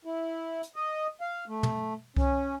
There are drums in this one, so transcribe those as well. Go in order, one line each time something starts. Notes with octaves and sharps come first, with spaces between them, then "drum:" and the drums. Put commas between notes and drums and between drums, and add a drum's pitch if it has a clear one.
E4
drum: hi-hat
D#5
F5
A3
drum: tom
C#4, drum: kick C2